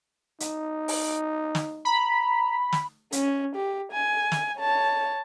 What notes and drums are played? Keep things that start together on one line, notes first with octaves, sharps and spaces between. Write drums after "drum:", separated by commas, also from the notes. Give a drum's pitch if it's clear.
D#4, drum: hi-hat
drum: open hi-hat
drum: snare
A#5 B5
drum: snare
C#4, drum: hi-hat
G4
G#5
drum: snare
C#5 A5